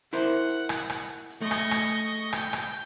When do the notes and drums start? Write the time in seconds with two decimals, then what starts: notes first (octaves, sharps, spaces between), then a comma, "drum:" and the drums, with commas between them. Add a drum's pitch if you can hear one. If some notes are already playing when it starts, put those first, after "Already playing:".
0.13 E4 A#4 C5 F#5
0.49 drum: hi-hat
0.69 drum: rim click
0.90 drum: rim click
1.30 drum: hi-hat
1.41 A3 D#5 C#6
1.51 drum: rim click
1.71 drum: rim click
2.12 drum: hi-hat
2.33 G5, drum: rim click
2.53 drum: rim click